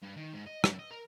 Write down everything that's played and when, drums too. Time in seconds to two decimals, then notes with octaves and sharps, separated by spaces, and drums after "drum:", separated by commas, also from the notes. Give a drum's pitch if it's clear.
0.02 G2
0.17 D#3
0.34 G#2
0.47 D#5
0.64 F#2, drum: rim click
0.79 D#5
0.91 A#4